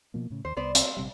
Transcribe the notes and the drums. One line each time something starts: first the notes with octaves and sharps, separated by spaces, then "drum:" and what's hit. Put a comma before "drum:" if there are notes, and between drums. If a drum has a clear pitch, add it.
B2 F3 A#3
A2 C#3
D#2 C5
C2 B3 C5 D5
C4, drum: hi-hat
A#1 C3 G3